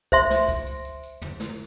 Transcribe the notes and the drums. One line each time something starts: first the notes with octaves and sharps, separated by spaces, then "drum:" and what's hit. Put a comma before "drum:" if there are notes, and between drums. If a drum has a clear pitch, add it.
C5 E5 C6, drum: kick C#2, tambourine
drum: snare
drum: kick C#2, tambourine
drum: tambourine
drum: tambourine
drum: tambourine
drum: tom
drum: snare